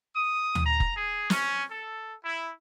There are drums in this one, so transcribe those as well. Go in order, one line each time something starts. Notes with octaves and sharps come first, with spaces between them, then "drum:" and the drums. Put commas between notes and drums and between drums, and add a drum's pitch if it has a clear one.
D#6
drum: tom
A#5
drum: kick F1
G#4
C#4, drum: snare
A4
E4